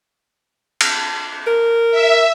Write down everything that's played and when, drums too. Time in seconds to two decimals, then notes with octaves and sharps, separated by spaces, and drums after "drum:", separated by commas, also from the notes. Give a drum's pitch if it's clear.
0.81 drum: cymbal
1.47 A#4
1.91 E5